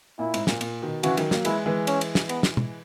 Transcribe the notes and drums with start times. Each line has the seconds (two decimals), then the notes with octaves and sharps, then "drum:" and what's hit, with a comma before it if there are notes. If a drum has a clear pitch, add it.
0.19 A#2 E4
0.34 G#2, drum: cymbal
0.47 A#2, drum: snare
0.61 A#2, drum: cymbal
0.82 B2 D#3
1.03 C#3 E3 F#4, drum: cymbal
1.17 D#3 F#3, drum: cymbal
1.31 F#3 A#3, drum: snare
1.45 E3 G#3 E4, drum: cymbal
1.66 E3 G#3
1.87 C#4, drum: cymbal
2.01 drum: cymbal
2.15 drum: snare
2.29 B3, drum: cymbal
2.43 drum: snare
2.57 drum: tom